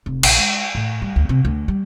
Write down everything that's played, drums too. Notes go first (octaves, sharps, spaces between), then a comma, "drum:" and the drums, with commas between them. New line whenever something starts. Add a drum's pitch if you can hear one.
F1
A#1, drum: cymbal
G#3
A2
G3
D2
C3
D2
G3